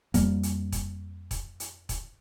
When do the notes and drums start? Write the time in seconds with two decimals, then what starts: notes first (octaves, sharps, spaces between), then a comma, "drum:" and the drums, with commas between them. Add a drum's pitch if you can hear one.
0.14 F2 G3 A#3, drum: kick E1, hi-hat
0.43 drum: hi-hat
0.72 drum: kick E1, hi-hat
1.31 drum: kick E1, hi-hat
1.60 drum: hi-hat
1.89 drum: kick E1, hi-hat